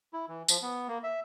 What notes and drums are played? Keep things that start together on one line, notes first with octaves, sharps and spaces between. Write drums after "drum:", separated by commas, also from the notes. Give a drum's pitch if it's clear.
E4
E3
F3, drum: tambourine
B3
A#3
E5